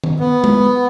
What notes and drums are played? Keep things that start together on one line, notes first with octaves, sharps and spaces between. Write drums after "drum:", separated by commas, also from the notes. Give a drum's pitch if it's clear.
drum: tom D#3
B3
drum: tom G#3